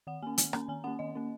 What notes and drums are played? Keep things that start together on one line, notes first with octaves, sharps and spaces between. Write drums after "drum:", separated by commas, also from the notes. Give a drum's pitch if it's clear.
D#3 F#5
A#3 C#4 G#5
D#3 G#5, drum: hi-hat
A#3 C#4 A#5, drum: rim click
D#3 G#5
A#3 C#4 F#5
D#3 D#5
A#3 C#4